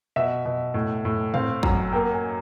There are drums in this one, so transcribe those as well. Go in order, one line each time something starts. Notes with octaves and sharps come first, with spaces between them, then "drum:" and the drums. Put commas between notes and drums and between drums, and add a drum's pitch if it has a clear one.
B2 E5
B2
A2
A2
C4 F5, drum: tom
F#2, drum: kick G#1
A#3 G5
G#5